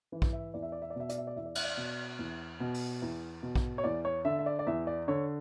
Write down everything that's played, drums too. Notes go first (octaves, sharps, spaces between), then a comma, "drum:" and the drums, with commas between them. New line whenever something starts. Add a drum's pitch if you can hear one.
E3
drum: kick A#1
E5
E2 D5
E5
D5
E5
D5
B2 E5
D5, drum: hi-hat
E5
D5
E2 E5
D5
E5, drum: cymbal
D5
B2
E2
B2
drum: open hi-hat
E2
B2
drum: kick A#1
C#5
E2 D5
C#5
D3 E5
E5
D5
D5
E2 E5
D5
D3 C#5